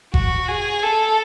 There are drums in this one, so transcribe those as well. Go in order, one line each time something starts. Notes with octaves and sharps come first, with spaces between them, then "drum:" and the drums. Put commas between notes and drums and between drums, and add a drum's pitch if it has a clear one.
F#4, drum: kick F#1
G#4
A4